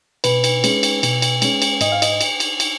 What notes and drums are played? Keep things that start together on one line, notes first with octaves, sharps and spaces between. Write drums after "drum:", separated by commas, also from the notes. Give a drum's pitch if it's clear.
B2 B4, drum: cymbal
drum: cymbal
G#3 C#4, drum: cymbal
drum: cymbal
B2, drum: cymbal
drum: cymbal
G#3 C#4, drum: cymbal
drum: cymbal
G#2 D#5, drum: cymbal
F5
D#5, drum: cymbal
drum: cymbal
drum: cymbal
drum: cymbal